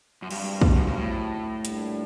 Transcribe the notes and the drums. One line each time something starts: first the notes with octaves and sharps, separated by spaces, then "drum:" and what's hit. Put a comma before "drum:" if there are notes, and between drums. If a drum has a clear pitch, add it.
F#2
G2 A#2 G3 C4 F#4, drum: cymbal
drum: kick
F#2
G2
A2
A#2 G3 A#3 D4 G4, drum: hi-hat